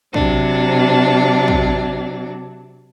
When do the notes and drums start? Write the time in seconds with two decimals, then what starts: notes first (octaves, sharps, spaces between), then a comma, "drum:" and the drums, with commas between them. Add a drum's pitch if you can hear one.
0.14 C3 F#3 D4, drum: kick
1.48 drum: kick